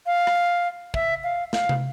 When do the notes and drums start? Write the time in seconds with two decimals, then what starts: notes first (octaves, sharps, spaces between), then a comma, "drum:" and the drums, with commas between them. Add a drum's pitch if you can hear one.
0.06 F5
0.27 drum: rim click
0.94 E5, drum: kick
1.24 F5
1.53 F5, drum: snare
1.69 drum: tom C3